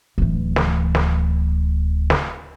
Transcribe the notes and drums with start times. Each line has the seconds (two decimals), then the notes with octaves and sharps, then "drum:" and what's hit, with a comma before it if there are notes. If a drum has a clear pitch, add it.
0.18 D1 E3
0.56 drum: snare
0.95 drum: snare
2.10 drum: snare